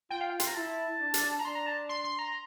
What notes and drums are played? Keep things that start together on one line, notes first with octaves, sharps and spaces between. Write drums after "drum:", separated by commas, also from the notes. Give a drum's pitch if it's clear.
F4 G5
F5
G5
C6, drum: hi-hat
A#5
E4 A5
D4
drum: hi-hat
A#5
D4 C6
A#5
A5
C6
C6
A#5